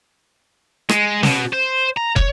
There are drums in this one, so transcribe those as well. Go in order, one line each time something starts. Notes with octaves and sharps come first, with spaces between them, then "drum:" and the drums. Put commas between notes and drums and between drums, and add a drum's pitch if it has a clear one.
G#3, drum: rim click
B2, drum: snare
C5
A#5
C#5, drum: kick